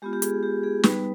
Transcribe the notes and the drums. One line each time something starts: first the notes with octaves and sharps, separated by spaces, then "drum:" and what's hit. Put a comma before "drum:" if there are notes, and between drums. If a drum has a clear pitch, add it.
G#3 B3 F4 G4
G4
G#4, drum: hi-hat
G4
G#4
G3 B3 D#4 B4, drum: snare